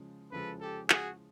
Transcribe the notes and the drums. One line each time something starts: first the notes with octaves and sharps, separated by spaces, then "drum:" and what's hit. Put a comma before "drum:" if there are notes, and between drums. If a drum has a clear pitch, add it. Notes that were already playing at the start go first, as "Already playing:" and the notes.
Already playing: C#3 F3 G#3
C#3 F3 G#3 A4 B4
G4 A4
F#4 G#4, drum: clap